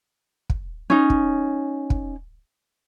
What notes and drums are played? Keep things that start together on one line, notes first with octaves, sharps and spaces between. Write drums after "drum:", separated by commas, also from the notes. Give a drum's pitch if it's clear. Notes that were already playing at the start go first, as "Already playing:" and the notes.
drum: kick
C#4 D#4
drum: kick
drum: kick